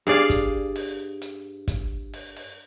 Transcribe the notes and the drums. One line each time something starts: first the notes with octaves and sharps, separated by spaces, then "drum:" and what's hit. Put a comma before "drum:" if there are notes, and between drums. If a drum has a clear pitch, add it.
G2 G#4 D5 F5
drum: kick G1, hi-hat
drum: open hi-hat
drum: hi-hat
drum: kick G1, hi-hat
drum: open hi-hat
drum: open hi-hat